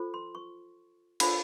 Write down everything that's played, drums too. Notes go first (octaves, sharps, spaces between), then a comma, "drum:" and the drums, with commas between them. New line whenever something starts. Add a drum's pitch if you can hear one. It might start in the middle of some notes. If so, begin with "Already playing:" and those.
Already playing: F4 A4 C5
C6
C#6
D4 F4 A4 C5 B5, drum: cymbal